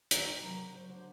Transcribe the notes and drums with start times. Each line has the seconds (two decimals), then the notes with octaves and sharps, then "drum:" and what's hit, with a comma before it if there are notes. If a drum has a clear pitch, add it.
0.11 D#3 A#4, drum: hi-hat
0.27 C3
0.35 B4
0.42 F#3 A#4
0.59 C#3
0.74 F#3 C5
0.90 D3 C5